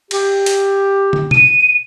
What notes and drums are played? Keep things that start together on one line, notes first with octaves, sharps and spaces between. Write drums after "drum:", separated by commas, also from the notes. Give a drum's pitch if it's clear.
G4, drum: cymbal
drum: hi-hat
drum: tom
D#7, drum: tom B2